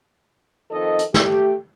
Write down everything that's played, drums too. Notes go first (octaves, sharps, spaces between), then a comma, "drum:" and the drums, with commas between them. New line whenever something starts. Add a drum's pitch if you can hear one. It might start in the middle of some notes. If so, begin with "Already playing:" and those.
F2 D#3 A4 D#5
drum: hi-hat
A3 G4, drum: snare